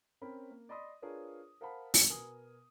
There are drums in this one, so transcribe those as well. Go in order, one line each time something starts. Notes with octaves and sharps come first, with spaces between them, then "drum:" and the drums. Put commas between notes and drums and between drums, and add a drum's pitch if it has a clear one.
C4 C#4 A#4 B5
A#3
D5 D#5 B5 C6 D#6
D4 F4 G#4 A#4 B4 C#5
A#4 C5 F5 F#5 A5 B5
drum: open hi-hat
B2 B3 A#4 G#5 D#6